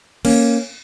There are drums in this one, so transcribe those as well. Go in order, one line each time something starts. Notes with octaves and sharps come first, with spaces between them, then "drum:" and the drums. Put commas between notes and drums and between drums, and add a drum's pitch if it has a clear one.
A#3 C#4, drum: cymbal